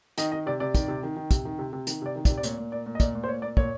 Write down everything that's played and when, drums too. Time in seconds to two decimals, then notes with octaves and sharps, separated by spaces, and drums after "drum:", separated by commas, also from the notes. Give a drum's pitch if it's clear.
0.18 D#3 D#5, drum: hi-hat
0.32 D#3 D#5
0.46 C3 D5
0.60 C3 D5
0.74 D#3, drum: kick, hi-hat
0.88 C3
1.03 D#3
1.16 D#3
1.31 C3, drum: kick, hi-hat
1.45 D#3
1.59 C3
1.73 C3
1.87 D#3, drum: hi-hat
2.02 C3 D5
2.15 D#3
2.25 D5, drum: kick, hi-hat
2.30 C3
2.38 D5
2.43 A#2 C#5, drum: hi-hat
2.58 A#2
2.72 A#2 D5
2.86 A#2
2.95 D#5
3.00 A#2 D5, drum: kick, hi-hat
3.15 A#2
3.24 C5
3.28 A#2 C#5
3.42 A#2 D5
3.57 A#2 C#5, drum: kick